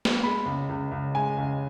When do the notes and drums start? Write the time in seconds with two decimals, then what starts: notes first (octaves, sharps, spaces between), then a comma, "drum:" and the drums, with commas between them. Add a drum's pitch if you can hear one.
0.05 drum: snare A#3
0.23 G#3 B5
0.46 C#2
0.69 C#2
0.92 C#2
1.15 G#3 G#5
1.38 C#2